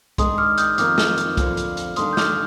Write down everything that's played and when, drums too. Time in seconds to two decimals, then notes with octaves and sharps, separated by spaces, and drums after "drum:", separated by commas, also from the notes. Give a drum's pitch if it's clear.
0.18 D#3 G#3 D4 G#4 C6 D#6, drum: kick, hi-hat
0.38 D6 F6
0.58 D#6 G6, drum: hi-hat
0.78 F2 D#3 A#3 D6 F6, drum: hi-hat
0.98 drum: snare
1.18 drum: hi-hat
1.37 F2 D3 F3 A#3 F4, drum: kick, hi-hat
1.57 drum: hi-hat
1.77 drum: hi-hat
1.96 D#2 D3 G3 D4 C6 D#6, drum: hi-hat
2.13 G6
2.17 D6 F6, drum: snare